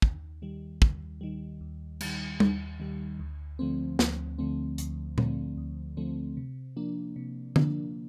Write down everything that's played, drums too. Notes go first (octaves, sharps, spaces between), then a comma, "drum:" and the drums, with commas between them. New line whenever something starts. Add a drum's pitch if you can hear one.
D#2, drum: kick
D#3 G3
D#2, drum: kick
D#3 G3
D#2
D#3 G3, drum: cymbal
D#2, drum: tom G3
D#3 G3
D2
D3 F3 A3 C4
D2, drum: snare
D3 F3 A3 C4
D2, drum: hi-hat
D3 F3 A3 C4, drum: tom A#2
D2
D3 F3 A3 C4
C3
F3 A#3 D4
C3
F3 A#3 D4, drum: tom D3